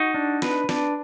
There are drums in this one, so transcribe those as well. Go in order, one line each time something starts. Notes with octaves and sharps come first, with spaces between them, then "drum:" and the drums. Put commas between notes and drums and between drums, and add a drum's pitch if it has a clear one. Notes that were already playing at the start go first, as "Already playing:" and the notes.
Already playing: D#4 F#4
D4
B4, drum: snare
D4, drum: snare